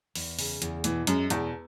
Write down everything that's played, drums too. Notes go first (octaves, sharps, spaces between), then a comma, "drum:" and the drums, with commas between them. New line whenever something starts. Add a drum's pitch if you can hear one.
E2, drum: open hi-hat
C#3, drum: open hi-hat
E2, drum: hi-hat
B2 E3, drum: hi-hat
F#2 G#3, drum: hi-hat
E2 B2, drum: hi-hat